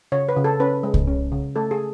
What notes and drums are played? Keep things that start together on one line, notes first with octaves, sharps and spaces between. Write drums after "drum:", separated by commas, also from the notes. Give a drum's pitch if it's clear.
C#3 C#5
B4
C#3
A4
C#4 B4
G#3
drum: kick C2
C#4
C#3
A3 A4
G#4